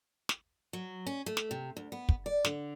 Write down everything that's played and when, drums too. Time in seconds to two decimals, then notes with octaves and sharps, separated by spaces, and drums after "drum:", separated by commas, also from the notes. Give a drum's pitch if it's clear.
0.29 drum: snare
0.73 F#3
1.07 C#4
1.26 A3
1.37 drum: snare
1.51 C3
1.77 D2
1.92 B3
2.09 drum: kick
2.26 D5
2.45 D3, drum: snare